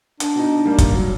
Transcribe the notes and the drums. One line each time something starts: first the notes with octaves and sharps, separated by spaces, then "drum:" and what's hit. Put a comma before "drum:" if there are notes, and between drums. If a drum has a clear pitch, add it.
D4, drum: hi-hat
B2 D#4
G3 A#3
drum: kick, hi-hat
F#3